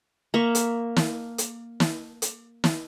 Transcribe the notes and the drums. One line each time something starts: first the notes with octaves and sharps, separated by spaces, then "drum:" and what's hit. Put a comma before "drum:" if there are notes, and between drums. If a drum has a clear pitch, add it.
A#3 E5 C#6
drum: hi-hat
drum: snare
drum: hi-hat
drum: snare
drum: hi-hat
drum: snare